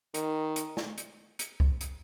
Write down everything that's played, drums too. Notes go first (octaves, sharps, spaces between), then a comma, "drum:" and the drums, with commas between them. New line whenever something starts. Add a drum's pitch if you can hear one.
D#3, drum: hi-hat
drum: hi-hat
drum: snare
drum: hi-hat
drum: hi-hat
drum: kick C2
drum: hi-hat